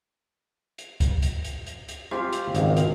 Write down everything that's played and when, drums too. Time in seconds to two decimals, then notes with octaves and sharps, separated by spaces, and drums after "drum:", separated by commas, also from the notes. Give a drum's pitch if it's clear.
0.78 drum: hi-hat
1.00 drum: kick, hi-hat
1.22 drum: hi-hat
1.44 drum: hi-hat
1.66 drum: hi-hat
1.88 drum: hi-hat
2.11 C4 F4 G4 C5 F5 G#5, drum: rim click
2.32 drum: hi-hat
2.55 G#1 C#2, drum: hi-hat
2.77 drum: hi-hat